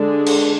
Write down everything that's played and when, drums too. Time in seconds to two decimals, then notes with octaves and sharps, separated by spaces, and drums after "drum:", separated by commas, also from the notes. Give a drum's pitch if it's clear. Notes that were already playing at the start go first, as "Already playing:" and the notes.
Already playing: D3 G#3 D4
0.26 drum: cymbal